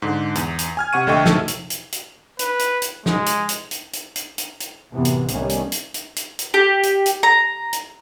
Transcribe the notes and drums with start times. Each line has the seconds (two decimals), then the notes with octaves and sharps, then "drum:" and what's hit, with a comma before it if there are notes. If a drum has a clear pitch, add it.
0.02 G#2 D3
0.35 E2, drum: hi-hat
0.59 drum: hi-hat
0.77 G#5 F6 G#6
0.93 C3 F#5 C#6 D#7
1.07 A#1 D3 A3 D#5 G5 C#6
1.26 A3 A4, drum: snare
1.48 drum: hi-hat
1.70 drum: hi-hat
1.92 drum: hi-hat
2.39 B4, drum: hi-hat
2.59 drum: hi-hat
2.82 drum: hi-hat
3.06 G#3, drum: snare
3.26 drum: hi-hat
3.49 drum: hi-hat
3.71 drum: hi-hat
3.93 drum: hi-hat
4.16 drum: hi-hat
4.38 drum: hi-hat
4.60 drum: hi-hat
4.90 F#2 A2 C3 E3 B3
5.05 drum: hi-hat
5.28 C2 D#3 G3 A3 B3 C#4, drum: hi-hat
5.49 drum: hi-hat
5.72 drum: hi-hat
5.94 drum: hi-hat
6.16 drum: hi-hat
6.39 drum: hi-hat
6.54 G4
6.83 drum: hi-hat
7.06 drum: hi-hat
7.23 A#5
7.73 drum: hi-hat